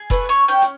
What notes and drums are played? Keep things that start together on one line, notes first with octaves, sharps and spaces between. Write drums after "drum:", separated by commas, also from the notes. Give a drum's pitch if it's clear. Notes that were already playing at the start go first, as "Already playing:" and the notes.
Already playing: G#4
A3 B4, drum: kick F1, hi-hat
C#4 C#5
C#4 G5
drum: hi-hat